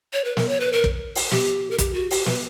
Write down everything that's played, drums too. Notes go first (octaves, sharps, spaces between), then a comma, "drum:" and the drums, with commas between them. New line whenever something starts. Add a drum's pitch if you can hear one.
C#5
B4
A#4, drum: snare
C#5
B4
A#4
drum: kick
drum: open hi-hat
G4, drum: snare
A#4
G4, drum: kick, hi-hat
F#4
G4, drum: open hi-hat
B4, drum: snare